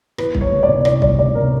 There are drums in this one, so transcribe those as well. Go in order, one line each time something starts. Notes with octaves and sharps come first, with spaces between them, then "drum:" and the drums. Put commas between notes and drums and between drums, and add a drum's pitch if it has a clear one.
E3 B4, drum: rim click
G3, drum: kick B1
C#5
D2
D5
C3
E3 D5, drum: rim click
G3 D5, drum: kick B1
D2 D5
C3 A#4